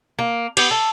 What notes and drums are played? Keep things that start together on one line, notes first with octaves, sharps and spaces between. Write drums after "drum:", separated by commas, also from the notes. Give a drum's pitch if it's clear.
A#3
B3 G4, drum: cymbal
A4